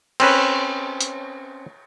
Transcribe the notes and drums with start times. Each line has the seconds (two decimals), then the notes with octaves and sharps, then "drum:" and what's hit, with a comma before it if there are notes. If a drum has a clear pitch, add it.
0.20 C4 C#4 B4, drum: cymbal
1.01 drum: hi-hat